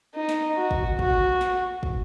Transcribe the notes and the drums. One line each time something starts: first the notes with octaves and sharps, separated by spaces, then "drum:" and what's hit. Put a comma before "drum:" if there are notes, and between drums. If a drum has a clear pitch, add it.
D#4
drum: snare
F#4
drum: kick
F#4, drum: kick
drum: snare
drum: kick